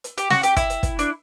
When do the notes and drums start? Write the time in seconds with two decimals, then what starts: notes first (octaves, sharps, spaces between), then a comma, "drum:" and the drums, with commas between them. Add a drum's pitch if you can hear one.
0.04 drum: hi-hat
0.18 G4, drum: hi-hat
0.30 F#4, drum: snare
0.43 G4, drum: hi-hat
0.57 E4, drum: kick, hi-hat
0.70 drum: hi-hat
0.83 drum: kick, hi-hat
0.99 D4, drum: hi-hat